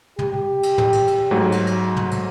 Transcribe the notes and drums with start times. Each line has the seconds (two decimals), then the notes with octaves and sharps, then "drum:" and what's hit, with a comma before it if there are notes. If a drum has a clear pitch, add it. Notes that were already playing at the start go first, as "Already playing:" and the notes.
0.19 G4, drum: tom
0.63 drum: cymbal
0.78 drum: tom
0.93 drum: cymbal
1.07 drum: cymbal
1.31 G#2 F#3 A3
1.52 drum: cymbal
1.67 drum: cymbal
1.96 drum: tom
2.11 drum: cymbal